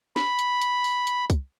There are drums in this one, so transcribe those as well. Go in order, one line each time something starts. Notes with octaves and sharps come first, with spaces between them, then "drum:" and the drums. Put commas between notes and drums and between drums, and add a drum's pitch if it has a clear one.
B5, drum: snare
drum: hi-hat
drum: hi-hat
drum: open hi-hat
drum: hi-hat
drum: kick, hi-hat